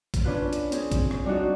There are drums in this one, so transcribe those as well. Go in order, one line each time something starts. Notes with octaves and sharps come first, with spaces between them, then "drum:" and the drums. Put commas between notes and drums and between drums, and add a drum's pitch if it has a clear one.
drum: kick A1, hi-hat
C#4 D4 F4 B4
drum: hi-hat
C4 C#4 G#4, drum: hi-hat
drum: kick A1, hi-hat
drum: rim click
G3 D4 D#4 F4 F#4